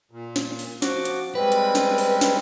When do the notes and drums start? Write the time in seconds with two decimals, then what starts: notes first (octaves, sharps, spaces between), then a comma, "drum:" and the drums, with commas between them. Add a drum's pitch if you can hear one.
0.11 A#2
0.36 drum: snare
0.59 drum: open hi-hat
0.82 F3 F#4 D6, drum: snare
1.05 drum: hi-hat
1.35 G3 G#3 C4 B4
1.52 drum: hi-hat
1.75 drum: snare
1.98 drum: open hi-hat
2.21 drum: snare